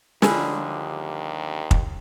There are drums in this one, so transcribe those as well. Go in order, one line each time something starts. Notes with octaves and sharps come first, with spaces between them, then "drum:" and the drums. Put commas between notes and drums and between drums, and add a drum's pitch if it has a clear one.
D#2 D3 F3 G3 E4 F4 G#4 B5, drum: snare
drum: kick